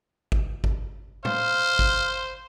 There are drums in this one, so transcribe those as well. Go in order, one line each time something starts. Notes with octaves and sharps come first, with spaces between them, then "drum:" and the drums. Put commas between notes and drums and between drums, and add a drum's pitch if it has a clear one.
drum: kick G1
drum: kick G1
C5 F5, drum: tom A2
drum: kick G1